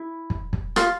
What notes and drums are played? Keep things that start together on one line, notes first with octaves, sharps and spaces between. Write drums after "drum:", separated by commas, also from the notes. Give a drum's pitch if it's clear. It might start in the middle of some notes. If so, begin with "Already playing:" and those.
Already playing: E4
drum: kick
drum: kick
F4, drum: rim click